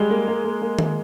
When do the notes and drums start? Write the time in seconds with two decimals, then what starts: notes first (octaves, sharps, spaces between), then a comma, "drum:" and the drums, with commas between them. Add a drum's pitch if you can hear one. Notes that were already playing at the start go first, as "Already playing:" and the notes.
Already playing: G3 G#3
0.10 A#3
0.28 A#3
0.44 A#3
0.61 A#3
0.79 A#3, drum: tom D#3